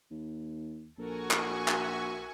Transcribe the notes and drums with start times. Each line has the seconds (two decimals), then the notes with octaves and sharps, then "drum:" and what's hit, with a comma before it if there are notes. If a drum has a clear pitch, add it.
0.11 D#2
0.99 A#1 F#4 A4 A#4 G#5 C#6
1.31 drum: clap
1.68 A#4 E5, drum: clap